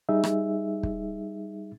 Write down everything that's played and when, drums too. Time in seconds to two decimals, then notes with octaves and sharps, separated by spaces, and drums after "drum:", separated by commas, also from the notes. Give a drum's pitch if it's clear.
0.09 G3 D#4 G#4 E5
0.24 drum: rim click
0.83 drum: kick